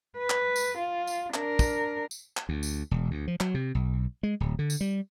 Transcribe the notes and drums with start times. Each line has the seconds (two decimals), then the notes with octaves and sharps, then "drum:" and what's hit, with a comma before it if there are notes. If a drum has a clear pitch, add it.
0.19 B4
0.30 drum: clap
0.56 drum: tambourine
0.78 F4
1.07 drum: tambourine
1.34 D4 A#4, drum: clap
1.59 drum: kick, tambourine
2.11 drum: tambourine
2.37 drum: clap
2.49 D2
2.63 drum: tambourine
2.91 E1
3.11 D2
3.28 F3
3.40 F#3, drum: clap
3.54 C3
3.75 B1
4.23 G#3
4.40 D1
4.59 D3
4.70 drum: tambourine
4.81 G3